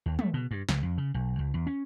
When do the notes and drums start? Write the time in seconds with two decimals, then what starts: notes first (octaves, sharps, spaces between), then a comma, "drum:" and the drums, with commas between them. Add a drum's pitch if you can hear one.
0.06 D#2
0.19 A3, drum: tom
0.34 B2
0.51 G2
0.69 C#2, drum: snare
0.83 F2
0.98 C#3
1.14 B1
1.39 C#2
1.54 E2
1.67 C#4